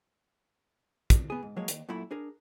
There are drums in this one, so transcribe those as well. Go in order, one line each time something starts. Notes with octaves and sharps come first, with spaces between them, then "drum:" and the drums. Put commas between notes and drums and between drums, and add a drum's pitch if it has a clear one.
drum: kick, hi-hat
B3 G#4
G#2
F3 F#3 G#3 A#3 G#4 C#5
D#2, drum: hi-hat
F#2 A#2 A3 E4 B5
D4 G#4 A#4